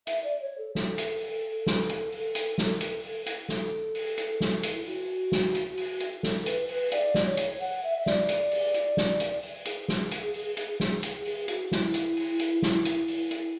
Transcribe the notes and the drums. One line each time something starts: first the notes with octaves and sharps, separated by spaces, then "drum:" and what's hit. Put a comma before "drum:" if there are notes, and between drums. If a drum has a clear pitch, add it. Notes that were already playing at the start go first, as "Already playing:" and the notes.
E5, drum: hi-hat
D5
C#5
A4
A4, drum: snare
drum: hi-hat
drum: open hi-hat
drum: snare
drum: hi-hat
drum: open hi-hat
drum: hi-hat
drum: snare
drum: hi-hat
drum: open hi-hat
drum: hi-hat
A4, drum: snare
drum: open hi-hat
drum: hi-hat
drum: snare
drum: hi-hat
E4
F#4, drum: open hi-hat
drum: snare
drum: hi-hat
drum: open hi-hat
drum: hi-hat
A4, drum: snare
B4, drum: hi-hat
B4, drum: open hi-hat
D5, drum: hi-hat
drum: snare
C#5
drum: hi-hat
F#5, drum: open hi-hat
E5
E5
D5, drum: snare
drum: hi-hat
drum: open hi-hat
drum: hi-hat
drum: snare
drum: hi-hat
drum: open hi-hat
G#4, drum: hi-hat
drum: snare
drum: hi-hat
drum: open hi-hat
drum: hi-hat
drum: snare
G#4, drum: hi-hat
G#4, drum: open hi-hat
F#4, drum: hi-hat
E4, drum: snare
drum: hi-hat
drum: open hi-hat
drum: hi-hat
drum: snare
drum: hi-hat
drum: open hi-hat
drum: hi-hat